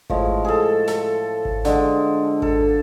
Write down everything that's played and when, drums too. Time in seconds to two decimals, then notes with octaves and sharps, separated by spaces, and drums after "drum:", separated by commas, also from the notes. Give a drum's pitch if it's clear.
0.10 A2 F3 G#3, drum: kick G#1
0.45 G#4 A4
0.87 A4, drum: snare
1.45 drum: kick G#1
1.65 D3 G#3, drum: snare
2.42 A4, drum: kick G#1